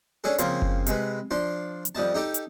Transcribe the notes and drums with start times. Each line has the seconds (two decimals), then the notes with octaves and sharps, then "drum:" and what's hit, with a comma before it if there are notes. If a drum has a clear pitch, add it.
0.24 C#4 D4 G#4 A4
0.38 C#3 F3 A#3 C4 F4, drum: hi-hat
0.62 drum: kick F#1
0.86 C3 G#3 B4, drum: hi-hat
1.31 F3 D4 C6
1.85 drum: hi-hat
1.95 F2 G3 D#5 A5
2.14 D#4 G4 A4 D6
2.34 drum: hi-hat